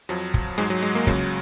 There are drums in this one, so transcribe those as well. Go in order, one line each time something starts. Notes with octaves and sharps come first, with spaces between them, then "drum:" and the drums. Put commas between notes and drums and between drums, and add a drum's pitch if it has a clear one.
F2 F3 F#3
drum: kick
G#2 F#3 G#3
F#3
G#3
A#3
C#2 C#3 F#3, drum: kick